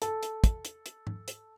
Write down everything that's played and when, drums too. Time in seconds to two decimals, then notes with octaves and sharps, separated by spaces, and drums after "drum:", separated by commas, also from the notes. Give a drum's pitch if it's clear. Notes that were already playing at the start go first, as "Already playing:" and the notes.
0.02 A4, drum: hi-hat
0.23 drum: hi-hat
0.44 drum: kick, hi-hat
0.65 drum: hi-hat
0.86 drum: hi-hat
1.07 drum: tom
1.28 drum: hi-hat